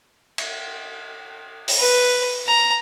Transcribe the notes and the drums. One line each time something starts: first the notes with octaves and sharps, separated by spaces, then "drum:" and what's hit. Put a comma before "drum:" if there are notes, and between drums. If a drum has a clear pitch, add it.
drum: cymbal
drum: open hi-hat
B4
A#5